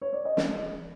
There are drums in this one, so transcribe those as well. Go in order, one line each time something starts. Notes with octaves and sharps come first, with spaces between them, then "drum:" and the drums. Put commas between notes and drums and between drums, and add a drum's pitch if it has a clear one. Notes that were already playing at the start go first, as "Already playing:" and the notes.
C#5
D5
D#5
drum: snare